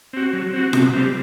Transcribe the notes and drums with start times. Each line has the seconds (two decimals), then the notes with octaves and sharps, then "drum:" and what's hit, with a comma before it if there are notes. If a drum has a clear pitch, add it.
0.13 C4 F#4
0.33 F#3
0.54 C4 F#4
0.73 C3, drum: snare F4
0.93 G3 C4